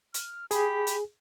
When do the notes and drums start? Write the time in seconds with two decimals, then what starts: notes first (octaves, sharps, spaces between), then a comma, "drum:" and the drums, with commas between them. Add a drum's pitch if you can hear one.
0.14 F6, drum: hi-hat
0.51 G4 G#4 B5, drum: hi-hat
0.87 drum: hi-hat